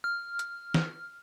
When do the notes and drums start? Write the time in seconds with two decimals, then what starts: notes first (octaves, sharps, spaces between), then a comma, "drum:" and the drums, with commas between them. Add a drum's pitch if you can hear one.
0.04 F6
0.39 drum: hi-hat
0.74 drum: snare